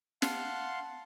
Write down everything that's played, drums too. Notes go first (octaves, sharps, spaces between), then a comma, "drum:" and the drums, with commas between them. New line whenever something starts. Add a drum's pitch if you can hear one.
F5 F#5 A5 C6, drum: snare